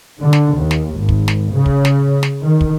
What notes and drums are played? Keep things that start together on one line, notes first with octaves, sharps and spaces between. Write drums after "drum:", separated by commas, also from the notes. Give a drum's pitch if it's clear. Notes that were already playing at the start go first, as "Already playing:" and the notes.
D3
drum: snare
D#2
drum: snare
G#1
drum: kick
drum: snare
C#3
drum: kick
drum: snare
drum: snare
D#3
drum: kick